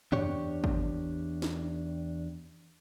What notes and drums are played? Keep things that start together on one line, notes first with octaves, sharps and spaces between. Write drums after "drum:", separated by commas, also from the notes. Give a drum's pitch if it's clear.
E2 D4 G4 C#5, drum: tom F#2
drum: kick
drum: snare